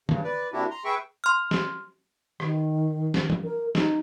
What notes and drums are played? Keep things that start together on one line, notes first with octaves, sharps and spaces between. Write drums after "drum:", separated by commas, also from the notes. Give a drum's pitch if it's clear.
G2 C#3, drum: tom
B4 D5
C3 A#3 D4 E4 F#4 G4
A#5 C6
G#4 B4 E5 G5 C#6
C6 F6
drum: snare
D#3, drum: rim click
drum: snare
drum: tom F3
A#4
D#4, drum: snare